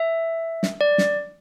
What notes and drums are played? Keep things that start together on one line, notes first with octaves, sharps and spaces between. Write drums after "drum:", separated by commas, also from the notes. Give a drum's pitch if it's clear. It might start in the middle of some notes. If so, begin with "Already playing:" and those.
Already playing: E5
drum: snare
D5
drum: snare